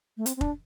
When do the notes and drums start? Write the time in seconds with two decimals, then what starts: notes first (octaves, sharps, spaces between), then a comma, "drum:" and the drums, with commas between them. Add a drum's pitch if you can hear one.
0.17 A3
0.26 C4, drum: hi-hat
0.37 C4
0.41 D4, drum: kick F1